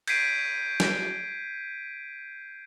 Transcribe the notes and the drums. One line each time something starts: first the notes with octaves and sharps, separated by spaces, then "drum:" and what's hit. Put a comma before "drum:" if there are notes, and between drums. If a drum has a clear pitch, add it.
G6 G#6 B6 C7 D7 D#7, drum: cymbal
drum: snare